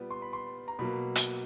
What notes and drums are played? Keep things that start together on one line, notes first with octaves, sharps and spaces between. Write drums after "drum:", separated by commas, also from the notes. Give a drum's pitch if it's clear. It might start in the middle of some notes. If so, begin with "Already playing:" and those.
Already playing: A#2 G3 B3
C6
B5
C6
A#5
B2 F#3 A#3 B5
drum: hi-hat